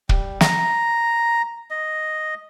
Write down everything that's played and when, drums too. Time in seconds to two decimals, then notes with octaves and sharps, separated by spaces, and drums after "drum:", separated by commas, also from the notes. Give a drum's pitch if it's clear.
0.09 G3, drum: kick
0.41 A#5, drum: snare
1.70 D#5